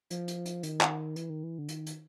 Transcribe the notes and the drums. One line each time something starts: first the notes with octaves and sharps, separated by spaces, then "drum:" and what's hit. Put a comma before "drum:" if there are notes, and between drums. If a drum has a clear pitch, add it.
F3, drum: hi-hat
drum: hi-hat
drum: hi-hat
D#3, drum: hi-hat
drum: clap
E3, drum: hi-hat
D#3
E3
D3
D#3, drum: hi-hat
drum: hi-hat